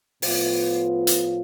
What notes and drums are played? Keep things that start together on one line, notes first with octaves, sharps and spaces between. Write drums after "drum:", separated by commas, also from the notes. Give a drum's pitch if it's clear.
A2 F3 B3 F4, drum: open hi-hat
drum: hi-hat